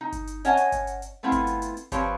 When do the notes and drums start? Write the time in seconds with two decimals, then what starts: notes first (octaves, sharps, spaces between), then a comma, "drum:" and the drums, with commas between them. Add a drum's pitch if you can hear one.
0.01 D#4
0.12 drum: kick G1, hi-hat
0.27 drum: hi-hat
0.45 C#4 C#5 D#5 F#5 G#5 A5, drum: hi-hat
0.57 drum: hi-hat
0.72 drum: kick G1, hi-hat
0.87 drum: hi-hat
1.02 drum: hi-hat
1.23 A3 B3 C4 E4 F4 A4
1.32 drum: kick G1, hi-hat
1.47 drum: hi-hat
1.62 drum: hi-hat
1.77 drum: hi-hat
1.92 F3 C4 G4 B4 C#5, drum: kick G1, hi-hat